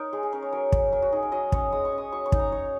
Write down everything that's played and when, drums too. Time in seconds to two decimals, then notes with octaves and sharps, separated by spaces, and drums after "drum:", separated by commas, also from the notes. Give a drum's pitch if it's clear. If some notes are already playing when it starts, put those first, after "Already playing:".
Already playing: D#4 A#4 C#5
0.13 G#3 G#4
0.23 G#4
0.33 C#4 A#4
0.42 C#5
0.52 F#3 A#4
0.72 C#4, drum: kick
0.92 F#3 A#4
1.02 F#4
1.12 D#4 G#4
1.23 A#4
1.32 F#3 D#5
1.52 C#4 C#5, drum: kick
1.72 G#3 D#6
1.85 C#6
1.92 C#4
1.98 D#6
2.12 F#3 C#6
2.26 C#6
2.32 D#4, drum: kick
2.39 A#5
2.52 D#4 C#5